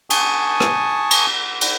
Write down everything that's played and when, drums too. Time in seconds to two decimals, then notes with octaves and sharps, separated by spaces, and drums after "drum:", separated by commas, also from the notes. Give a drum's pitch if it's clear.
0.10 G#5 A5 C#6 D#6, drum: cymbal
0.60 drum: rim click
1.11 drum: cymbal
1.61 drum: cymbal